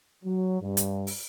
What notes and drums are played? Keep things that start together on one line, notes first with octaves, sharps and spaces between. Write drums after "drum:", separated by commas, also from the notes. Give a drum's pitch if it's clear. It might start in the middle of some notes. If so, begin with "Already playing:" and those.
F#3
G2
drum: hi-hat
drum: open hi-hat